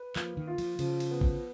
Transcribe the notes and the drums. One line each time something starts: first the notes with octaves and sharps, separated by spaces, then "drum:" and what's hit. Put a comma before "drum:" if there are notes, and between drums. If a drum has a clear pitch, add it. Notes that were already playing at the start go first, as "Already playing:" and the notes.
Already playing: B4
F3 A#3, drum: clap
D#3
F4
F3, drum: cymbal
C#3 F3, drum: cymbal
drum: cymbal
B3
drum: kick